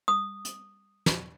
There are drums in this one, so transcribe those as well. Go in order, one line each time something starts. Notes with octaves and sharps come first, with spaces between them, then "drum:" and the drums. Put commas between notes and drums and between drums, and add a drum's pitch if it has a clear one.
D#6
drum: hi-hat
drum: snare